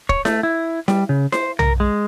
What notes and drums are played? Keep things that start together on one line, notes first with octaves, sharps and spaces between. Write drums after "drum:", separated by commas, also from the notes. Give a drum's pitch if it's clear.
C#5, drum: kick
A3, drum: snare E4
E4
G3, drum: snare E4
C#3
C5, drum: snare E4
A#4, drum: tom
G#3